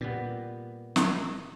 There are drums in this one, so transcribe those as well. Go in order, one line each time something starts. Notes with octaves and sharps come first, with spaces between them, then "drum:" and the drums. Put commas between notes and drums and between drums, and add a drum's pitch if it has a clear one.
A#2 G3 B3
drum: snare